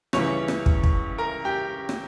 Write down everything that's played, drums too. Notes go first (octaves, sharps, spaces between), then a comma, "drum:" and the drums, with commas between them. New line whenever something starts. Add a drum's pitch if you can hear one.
C#2 C#3 E3 G3 C#5 C#6, drum: rim click
drum: rim click
drum: kick
drum: kick
A#4 A#5
G4 G5
drum: rim click